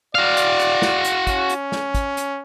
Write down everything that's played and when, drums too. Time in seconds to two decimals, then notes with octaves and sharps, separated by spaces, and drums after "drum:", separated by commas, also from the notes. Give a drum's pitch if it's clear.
0.15 F#4 D5 F5
0.37 drum: hi-hat
0.59 drum: hi-hat
0.82 drum: snare
1.04 drum: hi-hat
1.27 C#4, drum: kick, hi-hat
1.49 drum: hi-hat
1.72 drum: snare
1.95 drum: kick, hi-hat
2.17 drum: hi-hat